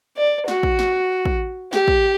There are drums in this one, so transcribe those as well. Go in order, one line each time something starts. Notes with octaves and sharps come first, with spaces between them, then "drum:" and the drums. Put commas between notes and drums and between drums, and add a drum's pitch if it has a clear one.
D5
F#4, drum: snare
drum: kick
drum: snare
drum: kick
G4, drum: snare
drum: kick